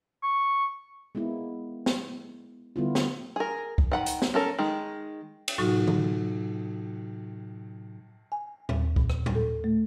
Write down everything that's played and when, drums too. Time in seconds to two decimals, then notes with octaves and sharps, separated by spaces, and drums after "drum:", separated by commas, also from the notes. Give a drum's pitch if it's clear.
0.23 C#6
1.15 G#3 A#3 B3 E4
1.86 drum: snare
2.76 D3 G3 B3 E4 F4
2.95 drum: snare
3.36 G#4 A#4
3.78 drum: kick
3.92 D#3 F#5 B5
4.06 drum: hi-hat
4.22 drum: snare
4.34 C#4 A4 A#4
4.59 D#3 G#3
5.48 drum: cymbal
5.58 A2 C3 F#3 D#4 F4 F#4
5.87 drum: tom D3
8.32 G#5
8.69 D#2, drum: tom A2
8.96 A#2, drum: kick
9.10 drum: rim click
9.26 drum: tom A2
9.35 A4
9.64 A3